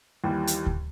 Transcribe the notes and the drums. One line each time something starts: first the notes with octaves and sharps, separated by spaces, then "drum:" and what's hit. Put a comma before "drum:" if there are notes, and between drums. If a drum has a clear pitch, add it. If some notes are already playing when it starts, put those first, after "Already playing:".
D#2 E3 G3
drum: hi-hat
drum: kick D2